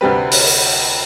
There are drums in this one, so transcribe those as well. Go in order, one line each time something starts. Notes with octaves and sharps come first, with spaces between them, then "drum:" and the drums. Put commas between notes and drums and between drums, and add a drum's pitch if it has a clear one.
D2 C3 G3 C4 B4
drum: open hi-hat